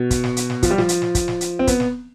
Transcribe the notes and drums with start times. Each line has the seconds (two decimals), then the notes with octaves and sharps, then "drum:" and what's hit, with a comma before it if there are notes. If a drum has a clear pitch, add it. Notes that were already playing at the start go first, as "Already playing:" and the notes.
Already playing: B2
0.11 drum: kick, hi-hat
0.24 drum: snare
0.37 drum: hi-hat
0.50 drum: snare
0.63 F3, drum: kick, hi-hat
0.70 G3
0.78 F3, drum: snare
0.89 drum: hi-hat
1.02 drum: snare
1.15 drum: kick, hi-hat
1.28 drum: snare
1.41 drum: hi-hat
1.59 C4
1.67 B3, drum: kick, hi-hat
1.80 drum: snare